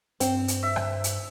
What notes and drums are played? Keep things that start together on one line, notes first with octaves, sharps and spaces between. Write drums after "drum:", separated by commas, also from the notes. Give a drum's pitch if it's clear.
G2 C4, drum: hi-hat
drum: hi-hat
E5
drum: rim click
drum: hi-hat